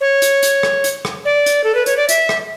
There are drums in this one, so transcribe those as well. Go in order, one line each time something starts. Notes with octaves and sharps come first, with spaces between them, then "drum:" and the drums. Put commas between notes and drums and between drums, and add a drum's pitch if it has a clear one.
C#5
drum: hi-hat
drum: hi-hat
drum: rim click
drum: hi-hat
drum: rim click
D5
drum: hi-hat
A4
B4
C#5, drum: hi-hat
D5
E5, drum: hi-hat
drum: rim click